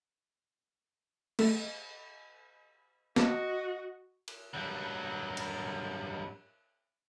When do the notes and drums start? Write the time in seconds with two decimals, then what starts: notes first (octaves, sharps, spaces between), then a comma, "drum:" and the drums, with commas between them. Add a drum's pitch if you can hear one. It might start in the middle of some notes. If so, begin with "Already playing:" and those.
1.39 A3, drum: cymbal
3.16 F#4 D#5, drum: snare
4.28 drum: cymbal
4.54 G2 F#3
5.37 drum: cymbal